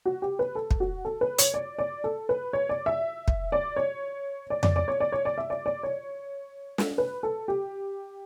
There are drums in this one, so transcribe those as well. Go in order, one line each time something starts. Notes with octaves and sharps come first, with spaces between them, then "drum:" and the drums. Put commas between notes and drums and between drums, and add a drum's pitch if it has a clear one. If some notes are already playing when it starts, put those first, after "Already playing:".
F#4
G4
B4
A4
drum: kick
F#4
A4
B4
C#5, drum: hi-hat
D5
D5
A4
B4
C#5
D5
E5
drum: kick
D5
C#5
D5
D5, drum: tom F2
D5
C#5
D5
C#5
D5
E5
D5
D5
C#5
drum: snare
B4
A4
G4